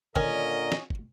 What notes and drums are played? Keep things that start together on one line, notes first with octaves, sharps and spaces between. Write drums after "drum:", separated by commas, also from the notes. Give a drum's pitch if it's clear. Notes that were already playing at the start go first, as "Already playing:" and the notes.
A#2 D3 D#3 C#4 A#4 D#5, drum: kick
drum: snare
drum: kick